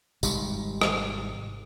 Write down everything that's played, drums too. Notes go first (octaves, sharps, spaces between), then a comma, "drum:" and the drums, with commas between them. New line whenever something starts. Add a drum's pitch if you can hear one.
G#1 G#2 C3 G3, drum: tambourine
drum: rim click